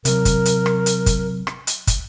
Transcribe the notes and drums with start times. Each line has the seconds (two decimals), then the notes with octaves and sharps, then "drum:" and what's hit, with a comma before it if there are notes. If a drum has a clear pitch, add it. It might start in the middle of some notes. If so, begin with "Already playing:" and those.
0.05 C3 F#3 A#4, drum: hi-hat
0.25 drum: kick, hi-hat
0.45 drum: hi-hat
0.66 drum: rim click
0.86 drum: hi-hat
1.06 drum: kick, hi-hat
1.47 drum: rim click
1.67 drum: hi-hat
1.87 drum: kick, hi-hat